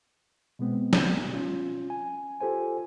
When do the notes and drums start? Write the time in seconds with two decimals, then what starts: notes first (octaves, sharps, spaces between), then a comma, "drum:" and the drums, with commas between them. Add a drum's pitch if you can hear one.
0.59 B2 G#3 B3 C4
0.93 drum: snare
1.34 C#4 F4
1.90 G#5
2.41 F4 G4 A4 C5 G#5